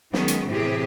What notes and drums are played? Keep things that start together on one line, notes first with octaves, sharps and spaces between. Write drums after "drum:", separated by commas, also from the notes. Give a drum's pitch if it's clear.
D#3 F#3 G#3 B3 C#4, drum: snare
drum: hi-hat
A2 C3 E3 C4 G4 G#4